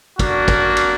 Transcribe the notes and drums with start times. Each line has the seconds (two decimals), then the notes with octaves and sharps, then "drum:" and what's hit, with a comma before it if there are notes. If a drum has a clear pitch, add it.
0.19 A#3 D4 F#4, drum: kick, cymbal
0.48 drum: kick, cymbal
0.77 drum: cymbal